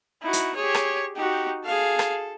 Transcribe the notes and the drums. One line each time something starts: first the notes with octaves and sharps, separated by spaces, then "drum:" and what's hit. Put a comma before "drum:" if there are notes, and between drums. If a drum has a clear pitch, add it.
D#4 E4 F#4
drum: hi-hat
G4 G#4 C#5
drum: rim click
D#4 F#4 G4
G#4 A4 F5
drum: rim click